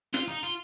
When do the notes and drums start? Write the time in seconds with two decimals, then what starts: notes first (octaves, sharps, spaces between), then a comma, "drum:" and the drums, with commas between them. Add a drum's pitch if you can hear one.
0.14 F4, drum: snare
0.28 D#4
0.43 F4